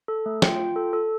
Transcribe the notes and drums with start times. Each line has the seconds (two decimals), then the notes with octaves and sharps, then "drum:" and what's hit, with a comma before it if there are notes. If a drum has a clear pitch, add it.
0.08 A4
0.26 A3
0.42 F4 G5, drum: snare
0.59 F4
0.76 A4
0.93 A4